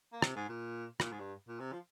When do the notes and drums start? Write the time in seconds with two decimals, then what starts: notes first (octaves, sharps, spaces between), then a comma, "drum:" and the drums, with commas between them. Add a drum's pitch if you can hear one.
0.12 A#3
0.22 C3, drum: rim click
0.36 G#2
0.49 A#2
1.00 A#2, drum: rim click
1.12 G#2
1.20 G2
1.48 A#2
1.59 C3
1.72 F3